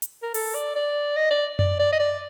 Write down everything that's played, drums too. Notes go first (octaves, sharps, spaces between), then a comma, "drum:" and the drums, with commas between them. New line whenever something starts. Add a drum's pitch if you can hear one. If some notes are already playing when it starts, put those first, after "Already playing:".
drum: hi-hat
A#4
A4, drum: open hi-hat
D5
D5
D#5
D5
D5, drum: tom F#2
D5
D#5
D5